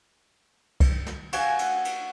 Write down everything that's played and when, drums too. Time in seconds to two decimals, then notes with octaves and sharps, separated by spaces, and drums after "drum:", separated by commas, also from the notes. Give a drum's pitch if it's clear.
0.80 drum: kick, cymbal
1.07 drum: snare
1.33 F#4 F#5 G#5, drum: cymbal
1.59 drum: cymbal
1.85 drum: cymbal